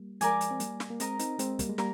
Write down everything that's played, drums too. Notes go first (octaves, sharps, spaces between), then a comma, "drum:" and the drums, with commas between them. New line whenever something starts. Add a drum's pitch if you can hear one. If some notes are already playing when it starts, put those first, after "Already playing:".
Already playing: G3 A#3
F3 G#3 A#4 D5 G#5 D6, drum: hi-hat
drum: hi-hat
C4
G3 A#3, drum: hi-hat
drum: snare
A#3
G#3 C4 A#4 D#5 A#5, drum: hi-hat
C4 D#4, drum: hi-hat
G#3 C4, drum: hi-hat
G3 A#3, drum: kick, hi-hat
G#3
G3 A#3 A#4, drum: snare